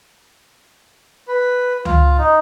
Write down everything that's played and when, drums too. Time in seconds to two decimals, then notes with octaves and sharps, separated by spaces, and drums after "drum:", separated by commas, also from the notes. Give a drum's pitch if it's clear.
1.28 B4
1.85 F4, drum: tom C#2
2.18 D#4